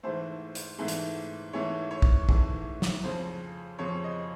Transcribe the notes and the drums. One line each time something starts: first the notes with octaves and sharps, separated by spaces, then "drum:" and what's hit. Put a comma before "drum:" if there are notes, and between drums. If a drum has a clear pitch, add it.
G#2 E3 A3 C5
drum: hi-hat
G#2 E3 A3
drum: hi-hat
G#2 E3 A3 C#5
C#5
drum: kick
G#2 E3 A3, drum: kick
drum: snare
F2 C#3 F3 C5
F2 C#3 F3 C#5
D#5